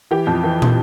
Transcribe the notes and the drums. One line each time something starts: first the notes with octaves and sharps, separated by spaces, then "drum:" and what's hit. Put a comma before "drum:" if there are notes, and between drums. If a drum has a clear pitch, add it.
E3 G4
F2
E3
drum: tom